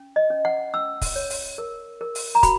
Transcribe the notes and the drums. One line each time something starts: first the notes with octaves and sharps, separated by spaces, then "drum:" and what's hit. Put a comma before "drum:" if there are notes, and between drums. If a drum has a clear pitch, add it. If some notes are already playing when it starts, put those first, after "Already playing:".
Already playing: C#4
D#5
C#4
F#5
C#4 E6
drum: kick, open hi-hat
C#5
drum: open hi-hat
A#4
A#4
drum: open hi-hat
A#5
F#4 B5, drum: kick, hi-hat